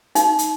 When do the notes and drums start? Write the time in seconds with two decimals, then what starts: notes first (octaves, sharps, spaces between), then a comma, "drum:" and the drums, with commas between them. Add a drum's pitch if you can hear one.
0.15 D#4, drum: hi-hat
0.39 drum: hi-hat